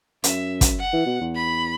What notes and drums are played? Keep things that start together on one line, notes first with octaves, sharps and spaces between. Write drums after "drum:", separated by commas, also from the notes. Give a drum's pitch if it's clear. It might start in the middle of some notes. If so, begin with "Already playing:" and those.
F#2 E5, drum: hi-hat
drum: kick, hi-hat
F#5
E3
B2
E2
B5